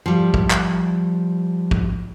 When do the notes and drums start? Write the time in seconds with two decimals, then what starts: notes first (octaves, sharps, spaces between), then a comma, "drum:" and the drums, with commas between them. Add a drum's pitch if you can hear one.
0.06 F3 G3
0.34 drum: kick
0.50 drum: clap
1.71 drum: kick